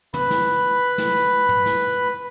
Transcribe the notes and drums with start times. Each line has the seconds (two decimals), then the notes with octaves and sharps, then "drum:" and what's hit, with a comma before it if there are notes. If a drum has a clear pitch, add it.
0.14 B4 B5, drum: tom
0.31 drum: snare
0.98 drum: snare
1.49 drum: tom
1.66 drum: snare